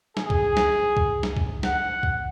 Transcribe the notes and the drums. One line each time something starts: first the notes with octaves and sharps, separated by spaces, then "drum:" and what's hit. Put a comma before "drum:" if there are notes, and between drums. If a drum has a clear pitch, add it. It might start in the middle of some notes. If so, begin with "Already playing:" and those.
G#4, drum: snare
drum: kick C2
drum: snare
drum: kick C2
drum: snare
drum: kick C2
F#5, drum: snare
drum: kick C2